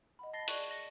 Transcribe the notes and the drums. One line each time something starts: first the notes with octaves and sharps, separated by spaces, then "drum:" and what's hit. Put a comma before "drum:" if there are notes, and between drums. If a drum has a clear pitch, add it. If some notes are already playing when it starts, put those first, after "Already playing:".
D#5 F#5 B5
A5 A6 A#6 C7 G7
G#4 D5 C#6 F#6 G#6, drum: hi-hat
D#5 A#6 C#7